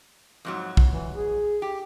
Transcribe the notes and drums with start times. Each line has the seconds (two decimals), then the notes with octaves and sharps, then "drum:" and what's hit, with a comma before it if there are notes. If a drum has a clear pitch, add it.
0.45 F2 G#2 F#3
0.77 drum: kick A#1
0.91 E3
1.13 G#4
1.62 G4